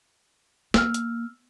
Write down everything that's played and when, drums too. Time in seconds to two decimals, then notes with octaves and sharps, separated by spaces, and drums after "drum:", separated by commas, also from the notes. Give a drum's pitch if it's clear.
0.74 A#3 E6 F6, drum: snare
0.94 drum: hi-hat